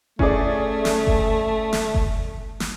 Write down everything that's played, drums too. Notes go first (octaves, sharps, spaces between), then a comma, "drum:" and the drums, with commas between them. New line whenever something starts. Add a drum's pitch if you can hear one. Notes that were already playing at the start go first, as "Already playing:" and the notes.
A3 C#4 G#4 D5, drum: kick F#1
drum: snare
drum: kick F#1
drum: snare
drum: kick F#1
drum: snare